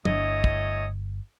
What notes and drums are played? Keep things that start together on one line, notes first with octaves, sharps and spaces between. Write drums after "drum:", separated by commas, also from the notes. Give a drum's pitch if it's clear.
G1 A2 D4 C#5 D#5, drum: tom
drum: kick